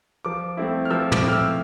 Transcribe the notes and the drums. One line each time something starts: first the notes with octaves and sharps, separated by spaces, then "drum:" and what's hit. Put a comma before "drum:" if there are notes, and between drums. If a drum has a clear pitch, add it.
F3 D6
A3 C4 E4
F6
F3 E6
D6, drum: tom
A3 C4 E4
F6
E6